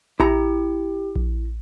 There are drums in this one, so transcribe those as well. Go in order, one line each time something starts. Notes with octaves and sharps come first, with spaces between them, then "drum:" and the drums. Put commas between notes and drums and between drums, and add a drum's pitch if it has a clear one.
E4 G4 A#5, drum: kick A#1
drum: kick A#1